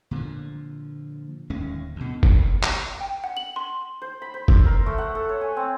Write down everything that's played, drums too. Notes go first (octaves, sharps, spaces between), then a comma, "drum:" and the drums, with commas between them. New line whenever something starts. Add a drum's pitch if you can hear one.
A#2 D3 D#3 F3
D1 D#2 G#3 C#4
D2 B2
drum: kick F#1
drum: clap
G5
F#5
F#7
C6
C5
B5
C5
E6, drum: kick F#1
A#4
A3
F#5
A4
C#5
G#5
C4